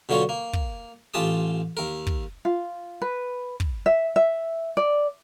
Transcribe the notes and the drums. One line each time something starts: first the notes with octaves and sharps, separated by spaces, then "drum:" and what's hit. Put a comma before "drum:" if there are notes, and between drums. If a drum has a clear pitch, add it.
B2 D3 F#3 F4 C#5
A#3
drum: kick
A1 F4 G4 A5 D#6
D#2 A#4
drum: kick
F4
B4
drum: kick
E5
E5
D5